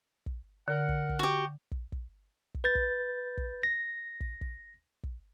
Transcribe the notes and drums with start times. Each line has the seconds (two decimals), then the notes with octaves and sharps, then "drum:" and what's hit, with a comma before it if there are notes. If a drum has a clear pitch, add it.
0.26 drum: kick
0.68 D3 A#4 F#5
0.89 drum: kick
1.09 drum: kick
1.19 F#4 G4
1.71 drum: kick
1.92 drum: kick
2.54 drum: kick
2.64 B4 G6 A6
2.75 drum: kick
3.37 drum: kick
3.63 A#6
4.20 drum: kick
4.41 drum: kick
5.03 drum: kick